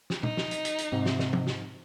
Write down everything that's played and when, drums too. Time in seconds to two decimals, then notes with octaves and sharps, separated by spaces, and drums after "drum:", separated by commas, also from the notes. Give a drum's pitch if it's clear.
0.10 drum: snare
0.23 D#4, drum: tom
0.37 drum: snare
0.51 drum: hi-hat
0.65 drum: hi-hat
0.78 drum: hi-hat
0.92 G#2 C3
1.06 drum: snare
1.19 drum: snare
1.33 drum: tom F3
1.47 drum: snare